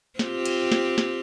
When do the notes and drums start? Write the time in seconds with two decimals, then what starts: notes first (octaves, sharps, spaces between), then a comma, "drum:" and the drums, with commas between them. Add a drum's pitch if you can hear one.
0.19 C4 F4 G4, drum: snare
0.46 drum: cymbal
0.72 drum: snare
0.98 drum: snare